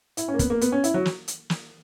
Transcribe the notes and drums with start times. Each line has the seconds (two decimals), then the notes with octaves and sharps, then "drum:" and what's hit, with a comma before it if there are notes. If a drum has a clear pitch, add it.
0.17 E4, drum: hi-hat
0.28 C#4
0.34 A#3
0.39 B3, drum: kick, hi-hat
0.50 A#3
0.61 B3, drum: hi-hat
0.72 C#4
0.84 E4, drum: hi-hat
0.94 F#3
1.06 drum: snare
1.28 drum: hi-hat
1.50 drum: snare